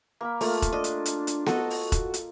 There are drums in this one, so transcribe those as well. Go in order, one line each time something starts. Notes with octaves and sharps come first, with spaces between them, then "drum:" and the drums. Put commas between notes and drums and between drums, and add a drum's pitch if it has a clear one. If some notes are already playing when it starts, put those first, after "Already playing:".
A#3 A#4 B5
A3 A#3 F4, drum: open hi-hat
drum: kick E1, hi-hat
D4 D#5
drum: hi-hat
drum: hi-hat
drum: hi-hat
F#4 A4 D#5, drum: snare B3
drum: open hi-hat
drum: kick E1, hi-hat
drum: hi-hat